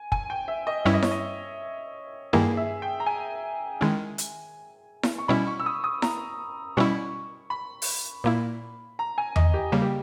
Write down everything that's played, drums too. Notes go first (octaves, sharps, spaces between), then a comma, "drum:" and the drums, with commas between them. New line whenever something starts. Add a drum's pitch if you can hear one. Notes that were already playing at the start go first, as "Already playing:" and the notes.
Already playing: G#5
G#5, drum: kick
G5
E5
D#5
G2 G3 C#4 E4 E5
D#5
C#5, drum: snare E4
D#5
G2 D#3 A#3 E4 G#4
E5
G5
A#5
G#5
D#3 G#3 C#4 E4
drum: hi-hat
drum: snare E4
C#6
B2 G3 C#4 E4 B5
C#6
E6
D#6
D#6
A#5, drum: snare E4
B2 G3 C#4 E4 C#6
B5
drum: open hi-hat
A#2 A#3 E4
A#5
G#5
D#5, drum: tom E2
G4
C#3 G3 A#3
G4